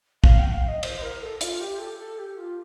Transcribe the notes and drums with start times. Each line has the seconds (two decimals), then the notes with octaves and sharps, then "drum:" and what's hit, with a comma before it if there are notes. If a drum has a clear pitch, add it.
0.24 F5, drum: kick
0.39 G5
0.49 G5
0.53 F5
0.68 D#5
0.83 C5, drum: cymbal
0.96 C5
1.02 A#4
1.22 A4
1.41 F4, drum: hi-hat
1.61 G4
1.79 A4
1.99 A4
2.19 G4
2.37 F4